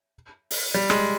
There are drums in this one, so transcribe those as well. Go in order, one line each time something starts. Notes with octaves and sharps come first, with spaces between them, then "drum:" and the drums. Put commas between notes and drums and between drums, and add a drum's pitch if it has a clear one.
drum: open hi-hat
G3
G#3, drum: rim click